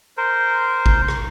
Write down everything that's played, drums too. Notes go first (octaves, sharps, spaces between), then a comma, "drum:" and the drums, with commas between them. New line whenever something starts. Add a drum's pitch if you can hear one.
A#4 C5
drum: kick A1
drum: rim click